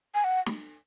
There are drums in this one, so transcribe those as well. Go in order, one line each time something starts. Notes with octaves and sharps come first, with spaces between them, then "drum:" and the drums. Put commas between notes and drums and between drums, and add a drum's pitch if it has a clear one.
G#5
F#5
drum: snare